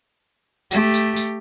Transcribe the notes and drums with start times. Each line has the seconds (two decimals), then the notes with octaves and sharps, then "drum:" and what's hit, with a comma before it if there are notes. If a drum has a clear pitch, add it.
0.71 A3 G4, drum: tambourine
0.94 drum: tambourine
1.17 drum: tambourine